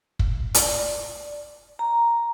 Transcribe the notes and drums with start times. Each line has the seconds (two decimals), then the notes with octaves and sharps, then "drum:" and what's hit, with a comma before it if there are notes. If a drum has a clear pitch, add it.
0.19 drum: kick
0.54 D5, drum: hi-hat
1.79 A#5